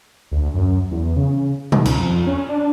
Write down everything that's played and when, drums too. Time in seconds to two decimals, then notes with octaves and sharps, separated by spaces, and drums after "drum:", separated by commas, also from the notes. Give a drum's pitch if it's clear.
0.31 D2
0.54 F#2
0.91 E2
1.16 C#3
1.72 D#3, drum: tom B2
1.85 C#2, drum: cymbal
1.98 F2
2.27 C#4
2.49 D4